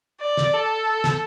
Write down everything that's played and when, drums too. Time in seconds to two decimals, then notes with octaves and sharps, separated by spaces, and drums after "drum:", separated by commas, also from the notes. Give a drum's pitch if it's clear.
0.21 D5
0.37 drum: snare
0.54 A4
1.04 drum: snare